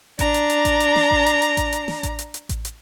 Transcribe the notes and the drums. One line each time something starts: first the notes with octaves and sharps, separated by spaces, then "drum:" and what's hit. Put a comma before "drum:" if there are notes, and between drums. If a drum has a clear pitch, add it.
D4 A#5, drum: kick A1, hi-hat
drum: hi-hat
drum: hi-hat
drum: kick A1, hi-hat
drum: hi-hat
drum: snare
drum: kick A1
drum: hi-hat
drum: hi-hat
drum: kick A1, hi-hat
drum: hi-hat
drum: snare
drum: kick A1, hi-hat
drum: hi-hat
drum: hi-hat
drum: kick A1, hi-hat
drum: hi-hat